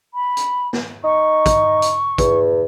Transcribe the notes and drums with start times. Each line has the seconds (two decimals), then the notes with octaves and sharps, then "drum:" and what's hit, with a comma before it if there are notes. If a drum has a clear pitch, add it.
0.14 B5
0.37 drum: hi-hat
0.73 drum: snare
1.04 D#4 C#6
1.46 drum: kick, hi-hat
1.82 drum: hi-hat
2.18 E2, drum: kick, hi-hat